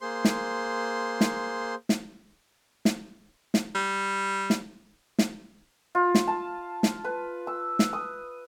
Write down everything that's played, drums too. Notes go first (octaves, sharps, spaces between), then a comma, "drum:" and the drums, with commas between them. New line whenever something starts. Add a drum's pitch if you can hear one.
A#3 G#4 C5 C6
drum: snare
drum: snare
drum: snare
drum: snare
drum: snare
G3
drum: snare
drum: snare
F4
drum: snare
A5
drum: snare
B4
E6
drum: snare
D#6